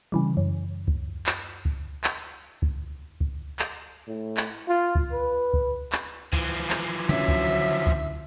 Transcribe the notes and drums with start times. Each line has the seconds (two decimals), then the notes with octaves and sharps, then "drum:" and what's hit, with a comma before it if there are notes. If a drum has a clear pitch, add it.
0.12 C#3 E3 G3
0.37 F#2
0.88 drum: kick C#2
1.26 drum: clap
1.65 drum: kick C#2
2.04 drum: clap
2.62 drum: kick C#2
3.20 drum: kick C#2
3.59 drum: clap
4.07 A2
4.37 drum: clap
4.68 F4
4.95 drum: kick C#2
5.12 B4
5.53 drum: kick C#2
5.92 drum: clap
6.33 E3 F3, drum: kick C#2
6.70 drum: clap
7.09 D3 F#3 C#4 E5
7.28 drum: kick C#2
7.86 drum: kick C#2